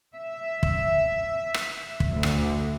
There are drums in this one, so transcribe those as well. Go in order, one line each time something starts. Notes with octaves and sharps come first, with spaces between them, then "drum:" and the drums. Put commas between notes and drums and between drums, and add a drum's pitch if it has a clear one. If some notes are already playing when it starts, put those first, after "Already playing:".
E5
drum: kick
drum: rim click
drum: kick
D2
drum: rim click